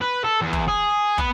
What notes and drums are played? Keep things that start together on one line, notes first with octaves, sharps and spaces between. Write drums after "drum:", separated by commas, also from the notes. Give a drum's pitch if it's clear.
B4
A4
E2
drum: kick
G#4
B3, drum: kick